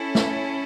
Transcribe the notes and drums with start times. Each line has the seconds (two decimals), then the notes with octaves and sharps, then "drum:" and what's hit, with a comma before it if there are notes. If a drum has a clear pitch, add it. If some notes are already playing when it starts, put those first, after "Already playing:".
Already playing: C#4 E4 A4
0.15 drum: snare